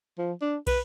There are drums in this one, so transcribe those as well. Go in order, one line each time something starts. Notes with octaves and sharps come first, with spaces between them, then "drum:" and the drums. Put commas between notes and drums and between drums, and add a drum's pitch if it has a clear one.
F3
D4
B4, drum: kick, cymbal